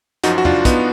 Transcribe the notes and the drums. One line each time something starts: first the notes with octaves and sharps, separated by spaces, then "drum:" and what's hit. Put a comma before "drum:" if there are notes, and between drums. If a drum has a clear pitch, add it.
F#2 F3 D#4 F#4, drum: hi-hat
F#4
D4 F4, drum: tom
B3 D#4, drum: kick, hi-hat